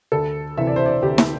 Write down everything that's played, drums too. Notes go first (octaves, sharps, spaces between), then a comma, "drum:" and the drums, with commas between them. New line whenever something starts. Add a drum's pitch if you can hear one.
D2 A4
C3 E3 E5
D5
C5
D5
D2 G4
drum: snare